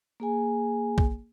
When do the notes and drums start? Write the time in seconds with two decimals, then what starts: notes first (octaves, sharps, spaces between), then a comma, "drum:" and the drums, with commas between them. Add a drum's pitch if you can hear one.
0.20 A#3 G#4 G#5
0.98 drum: kick